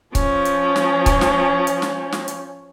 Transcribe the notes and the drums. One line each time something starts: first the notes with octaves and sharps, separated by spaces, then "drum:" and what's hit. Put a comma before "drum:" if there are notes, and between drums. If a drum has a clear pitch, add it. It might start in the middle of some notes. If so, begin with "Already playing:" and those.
F3 C#4, drum: kick C#1, hi-hat
drum: hi-hat
drum: snare
drum: kick C#1, hi-hat
drum: snare
drum: hi-hat
drum: snare
drum: snare
drum: hi-hat